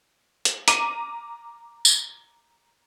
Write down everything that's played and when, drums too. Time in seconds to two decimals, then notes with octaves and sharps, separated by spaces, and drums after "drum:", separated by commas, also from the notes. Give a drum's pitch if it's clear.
0.45 drum: hi-hat
0.68 A#5 D6 D#7, drum: hi-hat
1.85 drum: tambourine